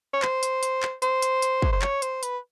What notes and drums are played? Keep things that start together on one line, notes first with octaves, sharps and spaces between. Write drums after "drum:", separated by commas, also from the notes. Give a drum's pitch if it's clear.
C#5
C5, drum: clap
drum: hi-hat
drum: hi-hat
drum: clap
C5, drum: hi-hat
drum: hi-hat
drum: hi-hat
drum: kick
C5
C#5, drum: clap
C5, drum: hi-hat
B4, drum: hi-hat